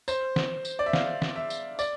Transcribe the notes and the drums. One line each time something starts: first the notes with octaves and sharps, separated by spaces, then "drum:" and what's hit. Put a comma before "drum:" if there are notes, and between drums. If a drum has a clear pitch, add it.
C5, drum: tambourine
drum: snare
drum: tambourine
D5
E5
F5, drum: snare
drum: snare
E5
drum: tambourine
D5, drum: tambourine